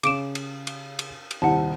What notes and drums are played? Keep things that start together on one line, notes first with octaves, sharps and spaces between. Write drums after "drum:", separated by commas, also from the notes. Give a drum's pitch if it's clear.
C#3 C#4 D6 D7 E7, drum: cymbal
drum: cymbal
drum: cymbal
drum: cymbal
drum: cymbal
D#1 C2 F#5 A5